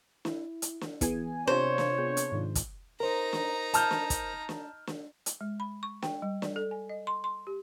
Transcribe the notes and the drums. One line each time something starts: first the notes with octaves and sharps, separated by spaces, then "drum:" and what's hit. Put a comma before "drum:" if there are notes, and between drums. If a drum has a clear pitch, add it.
E4, drum: snare
drum: hi-hat
drum: snare
E3 B3 G#4 G#5, drum: kick, hi-hat
C3 D4 F4 C5 C#5
drum: snare
B3 G#4 G6
drum: hi-hat
G#2 D#3 G#3
drum: kick, hi-hat
D#4 A#4 C5 A#5
drum: snare
A5 F6 G6, drum: hi-hat
drum: snare
drum: kick, hi-hat
drum: snare
drum: snare
drum: hi-hat
G#3
B5
C#6
G5, drum: snare
G3
D5, drum: snare
A4
G#5
D#5
C6
C6
G4